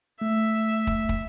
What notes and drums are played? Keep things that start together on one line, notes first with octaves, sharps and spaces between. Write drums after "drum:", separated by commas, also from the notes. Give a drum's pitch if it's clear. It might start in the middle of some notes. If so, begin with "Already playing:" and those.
A3 E5
drum: kick
drum: kick